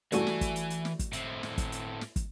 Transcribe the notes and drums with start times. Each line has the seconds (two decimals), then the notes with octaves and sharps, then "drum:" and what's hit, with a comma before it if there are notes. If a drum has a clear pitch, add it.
0.12 E3 G3 A3 F#4 G#5, drum: hi-hat
0.27 drum: snare
0.41 drum: kick, hi-hat
0.56 drum: hi-hat
0.70 drum: hi-hat
0.85 drum: snare
0.99 drum: kick, hi-hat
1.13 A2 C4, drum: hi-hat
1.43 drum: snare
1.58 drum: kick, hi-hat
1.72 drum: hi-hat
2.01 drum: snare
2.16 drum: kick, hi-hat